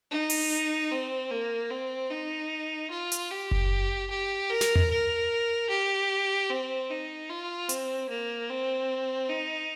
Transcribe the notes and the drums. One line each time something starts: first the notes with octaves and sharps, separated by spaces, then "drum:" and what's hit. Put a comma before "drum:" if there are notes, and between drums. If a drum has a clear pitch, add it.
D#4
drum: open hi-hat
C4
A#3
C4
D#4
F4
drum: hi-hat
G4
drum: kick F#1
G4
A#4
drum: snare
drum: tom E2
A#4
G4
C4
D#4
F4
C4, drum: hi-hat
A#3
C4
D#4